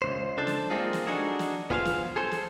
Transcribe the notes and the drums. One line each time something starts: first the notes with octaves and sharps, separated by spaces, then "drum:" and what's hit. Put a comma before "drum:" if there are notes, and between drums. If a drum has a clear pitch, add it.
C#2 C3 C5
D4 A4 C5 A5
drum: snare
G#3 A#3 C4 D#4 F4 G#4
drum: snare
D4 D#4 F#4 G#4 A4
drum: snare
B3 F4 G#4 C5 E5 F5, drum: kick
drum: snare
G#4 A4 C5
drum: snare